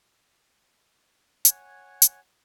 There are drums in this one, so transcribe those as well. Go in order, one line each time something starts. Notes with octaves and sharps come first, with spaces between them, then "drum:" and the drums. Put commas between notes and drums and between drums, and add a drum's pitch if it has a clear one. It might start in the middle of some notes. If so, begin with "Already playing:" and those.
C#5 F#5 G#5, drum: hi-hat
drum: hi-hat